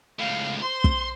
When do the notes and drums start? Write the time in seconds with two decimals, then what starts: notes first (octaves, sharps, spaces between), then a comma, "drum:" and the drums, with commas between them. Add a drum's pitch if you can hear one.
0.19 C#2 A2 F5
0.62 C5 C6
0.84 drum: kick